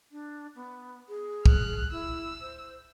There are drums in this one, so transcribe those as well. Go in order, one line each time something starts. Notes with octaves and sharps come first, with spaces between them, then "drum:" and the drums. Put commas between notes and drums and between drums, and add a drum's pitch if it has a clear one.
D4
B3
G#4
F6 F#6, drum: kick
E4 E6
C5